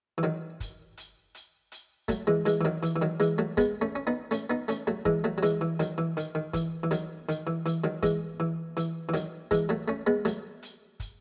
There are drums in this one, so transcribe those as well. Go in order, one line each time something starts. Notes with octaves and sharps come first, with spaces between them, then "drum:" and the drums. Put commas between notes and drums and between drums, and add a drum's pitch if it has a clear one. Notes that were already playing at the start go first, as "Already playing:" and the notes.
E3
D#3 F#3
drum: kick, hi-hat
drum: hi-hat
drum: hi-hat
drum: hi-hat
F#3 A3, drum: kick, hi-hat
E3 G#3
E3 G#3, drum: hi-hat
E3
D#3 F#3
E3, drum: hi-hat
E3
D#3 F#3
E3 G#3, drum: hi-hat
F#3 A3
G#3 B3, drum: kick, hi-hat
A3 C#4
C#4
B3 D#4
A3 C#4, drum: hi-hat
B3 D#4
A3 C#4, drum: hi-hat
F#3 A3
E3 G#3, drum: kick
F#3 A3
F#3
E3 G#3, drum: hi-hat
E3
D#3 F#3, drum: hi-hat
E3
D#3, drum: hi-hat
D#3
E3, drum: kick, hi-hat
E3
D#3 F#3, drum: hi-hat
D#3, drum: hi-hat
E3
E3, drum: hi-hat
D#3 F#3
E3 G#3, drum: kick, hi-hat
E3
E3, drum: hi-hat
E3
D#3 F#3, drum: hi-hat
E3 G#3, drum: kick, hi-hat
F#3 A3
A3 C#4
G#3 B3
F#3 A3, drum: hi-hat
drum: hi-hat
drum: kick, hi-hat